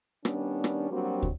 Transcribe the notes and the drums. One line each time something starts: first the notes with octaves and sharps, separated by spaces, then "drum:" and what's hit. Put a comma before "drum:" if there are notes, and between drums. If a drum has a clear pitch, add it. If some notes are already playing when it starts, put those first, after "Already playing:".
D#3 G3 B3 C#4 D4, drum: rim click
drum: rim click
F#3 G3 A#3 C4 D4 F#4
drum: kick